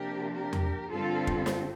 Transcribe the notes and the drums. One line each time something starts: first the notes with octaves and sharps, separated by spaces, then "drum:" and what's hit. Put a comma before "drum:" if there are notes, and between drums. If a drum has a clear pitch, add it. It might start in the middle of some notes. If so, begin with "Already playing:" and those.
Already playing: C3 F3 A#3 D4 G4 A#4
G4 A#4
drum: tom E2
G2 D3 G3 C4 F4 A4
drum: kick
drum: snare